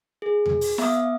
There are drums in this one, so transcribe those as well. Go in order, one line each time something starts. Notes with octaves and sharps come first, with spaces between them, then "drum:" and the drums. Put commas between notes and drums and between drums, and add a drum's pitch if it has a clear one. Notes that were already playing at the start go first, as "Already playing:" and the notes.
G#4
drum: tom E2
drum: open hi-hat
B3 E5 F5 D6 D#6, drum: snare